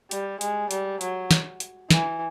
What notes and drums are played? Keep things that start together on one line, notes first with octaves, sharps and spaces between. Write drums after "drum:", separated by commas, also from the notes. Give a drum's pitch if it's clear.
G3, drum: hi-hat
G#3, drum: hi-hat
G3, drum: hi-hat
F#3, drum: hi-hat
drum: snare
drum: hi-hat
E3, drum: snare